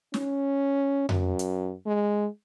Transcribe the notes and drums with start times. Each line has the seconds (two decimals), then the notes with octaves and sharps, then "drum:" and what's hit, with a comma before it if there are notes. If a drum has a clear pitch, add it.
0.14 C#4, drum: snare
1.09 F#2, drum: tom F2
1.39 drum: hi-hat
1.86 G#3